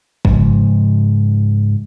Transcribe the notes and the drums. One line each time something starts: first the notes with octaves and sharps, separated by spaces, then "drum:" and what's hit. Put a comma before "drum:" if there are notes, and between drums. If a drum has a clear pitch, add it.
G#2 C#3 F3, drum: kick G1